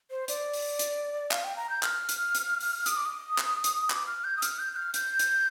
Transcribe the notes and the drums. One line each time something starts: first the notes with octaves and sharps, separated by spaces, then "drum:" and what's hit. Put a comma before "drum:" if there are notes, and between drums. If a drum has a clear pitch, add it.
C5
D5, drum: hi-hat
drum: open hi-hat
drum: hi-hat
F5, drum: clap
G5
A#5
G6
F6, drum: clap
drum: hi-hat
drum: hi-hat
drum: open hi-hat
D#6, drum: hi-hat
D6
D#6
drum: clap
drum: hi-hat
D6, drum: clap
F6
G6
D#6
F6, drum: hi-hat
G6
F6
G6, drum: hi-hat
drum: hi-hat